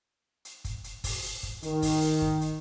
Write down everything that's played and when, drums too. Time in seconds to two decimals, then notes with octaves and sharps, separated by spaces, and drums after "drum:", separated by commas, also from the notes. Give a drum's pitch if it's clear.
0.45 drum: hi-hat
0.64 drum: kick F#1, hi-hat
0.84 drum: hi-hat
1.04 drum: kick F#1, open hi-hat
1.23 drum: hi-hat
1.43 drum: kick F#1, hi-hat
1.63 D#3, drum: hi-hat
1.82 drum: kick F#1, open hi-hat
2.02 drum: hi-hat
2.22 drum: kick F#1
2.41 drum: hi-hat